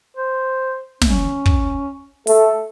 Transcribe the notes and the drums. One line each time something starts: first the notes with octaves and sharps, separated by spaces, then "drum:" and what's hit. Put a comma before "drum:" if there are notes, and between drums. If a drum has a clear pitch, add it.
C5
C#4, drum: snare
drum: kick
A3 A4, drum: open hi-hat